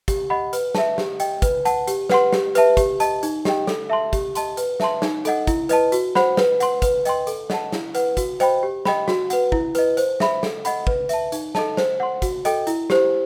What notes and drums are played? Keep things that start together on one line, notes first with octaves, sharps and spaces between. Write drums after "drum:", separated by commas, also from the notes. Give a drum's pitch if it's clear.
G4, drum: kick, hi-hat
D#5 F#5 B5
B4, drum: hi-hat
E5 A5, drum: snare
G4, drum: snare
D#5 G5, drum: hi-hat
B4, drum: kick, hi-hat
F#5 A5, drum: hi-hat
G4, drum: hi-hat
B4 F#5 C6, drum: snare
G4, drum: snare
B4 E5 A5, drum: hi-hat
G4, drum: kick, hi-hat
D#5 A5, drum: hi-hat
D#4, drum: hi-hat
G4 D#5 G5, drum: snare
A4, drum: snare
E5 A5 C6
G4, drum: kick, hi-hat
D#5 A5 C6, drum: hi-hat
B4, drum: hi-hat
E5 A5 C6, drum: snare
D#4, drum: snare
A4 D#5 F#5, drum: hi-hat
E4, drum: kick, hi-hat
B4 D#5 A5, drum: hi-hat
F#4, drum: hi-hat
C5 F#5 B5, drum: snare
B4, drum: snare
F#5 C6, drum: hi-hat
B4, drum: kick, hi-hat
D#5 G5 C6, drum: hi-hat
A4, drum: hi-hat
D#5 F#5 A5, drum: snare
E4, drum: snare
B4 F#5, drum: hi-hat
F#4, drum: kick, hi-hat
C5 D#5 G5 B5, drum: hi-hat
G4
D#5 G5 B5, drum: snare
F#4, drum: snare
B4 F#5, drum: hi-hat
E4, drum: kick
B4 D#5, drum: hi-hat
C5, drum: hi-hat
E5 B5, drum: snare
A4, drum: snare
D#5 F#5 B5, drum: hi-hat
B4, drum: kick
E5 A5, drum: hi-hat
D#4, drum: hi-hat
A4 D#5 A5, drum: snare
C5, drum: snare
F#5 C6
F#4, drum: kick, hi-hat
A4 D#5 G5, drum: hi-hat
E4, drum: hi-hat
G4 C5, drum: snare